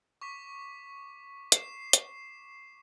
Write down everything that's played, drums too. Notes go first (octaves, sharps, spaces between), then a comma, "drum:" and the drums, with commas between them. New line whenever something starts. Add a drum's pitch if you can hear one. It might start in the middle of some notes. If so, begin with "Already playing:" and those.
C#6 D6 B6
C7 E7, drum: hi-hat
drum: hi-hat